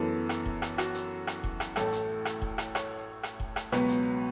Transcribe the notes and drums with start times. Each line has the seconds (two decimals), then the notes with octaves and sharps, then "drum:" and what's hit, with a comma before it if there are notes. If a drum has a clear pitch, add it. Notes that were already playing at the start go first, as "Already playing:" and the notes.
Already playing: F#2 E3 B3 A4
0.29 drum: rim click
0.46 drum: kick E1
0.62 drum: rim click
0.78 F#4, drum: rim click
0.95 drum: hi-hat
1.27 drum: rim click
1.44 drum: kick E1
1.60 drum: rim click
1.76 A1 A2 A3 A4, drum: rim click
1.93 drum: hi-hat
2.25 drum: rim click
2.42 drum: kick E1
2.58 drum: rim click
2.75 C#5, drum: rim click
3.23 drum: rim click
3.40 drum: kick E1
3.56 drum: rim click
3.72 C#2 B2 F#3 B3 B4, drum: rim click
3.89 drum: hi-hat